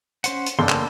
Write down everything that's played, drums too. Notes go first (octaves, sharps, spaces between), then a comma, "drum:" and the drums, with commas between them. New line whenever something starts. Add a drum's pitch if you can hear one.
C#4 C5 F#5, drum: hi-hat
drum: hi-hat
F#1 A#3 D4 A4 G5 C6
drum: clap